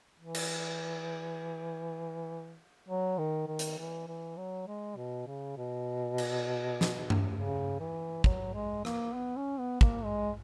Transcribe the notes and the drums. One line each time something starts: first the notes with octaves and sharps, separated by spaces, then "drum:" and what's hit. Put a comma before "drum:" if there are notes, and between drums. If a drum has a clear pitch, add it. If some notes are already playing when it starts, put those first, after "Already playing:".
E3
drum: cymbal
F#3
D#3
D#3
drum: hi-hat
E3
E3
F#3
G#3
B2
C#3
B2
drum: cymbal
drum: snare
drum: tom G2
C#3
E3
F#3, drum: kick
G#3
A#3, drum: rim click
B3
C#4
B3
A#3, drum: kick
G#3